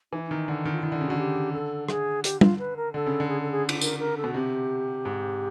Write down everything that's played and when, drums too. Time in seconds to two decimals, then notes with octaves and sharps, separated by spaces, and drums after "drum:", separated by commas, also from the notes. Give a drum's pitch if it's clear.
0.12 E3 D#4
0.26 D#3 D#4
0.48 D3
0.65 D#3
0.73 F4
0.82 D#3 E4
0.92 D3
1.01 C#3
1.07 D3 F#4
1.18 G4
1.53 A4
1.89 G#4, drum: rim click
2.24 G4, drum: hi-hat
2.41 F4, drum: tom
2.59 B4
2.77 A#4
2.94 D3 A4
3.06 C#3
3.20 D3
3.29 G#4
3.41 A4
3.52 G#4
3.69 drum: cymbal
3.81 A#4, drum: tambourine
3.99 A#4
4.17 A4
4.24 B2
4.34 C3 G4
5.05 G#2